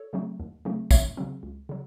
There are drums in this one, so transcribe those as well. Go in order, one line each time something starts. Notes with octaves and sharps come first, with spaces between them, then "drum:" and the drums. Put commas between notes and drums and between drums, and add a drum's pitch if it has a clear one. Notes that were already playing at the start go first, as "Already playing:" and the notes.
Already playing: A4 C#5
C#3 F#3 A3 C4
D#2
C#3 F#3 A3 C4
C#2 C#5 E5, drum: kick A#1, tambourine
C#3 F#3 C4
C#2
C#3 F#3